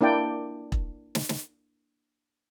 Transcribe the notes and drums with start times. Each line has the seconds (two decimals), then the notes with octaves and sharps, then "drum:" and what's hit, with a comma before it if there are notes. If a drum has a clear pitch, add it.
0.01 A#3 D4 E4 D5 G5
0.72 drum: kick E1
1.15 drum: snare
1.29 drum: snare